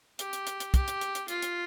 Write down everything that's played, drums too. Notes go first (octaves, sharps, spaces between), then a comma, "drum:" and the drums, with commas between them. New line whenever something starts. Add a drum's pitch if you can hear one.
G4, drum: hi-hat
drum: hi-hat
drum: hi-hat
drum: hi-hat
G4, drum: kick, hi-hat
drum: hi-hat
drum: hi-hat
drum: hi-hat
F4, drum: hi-hat
drum: hi-hat